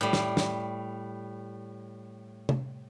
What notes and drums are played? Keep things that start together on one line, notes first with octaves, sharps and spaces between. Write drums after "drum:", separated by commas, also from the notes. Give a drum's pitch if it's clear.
A2 G3
drum: snare
drum: snare
drum: tom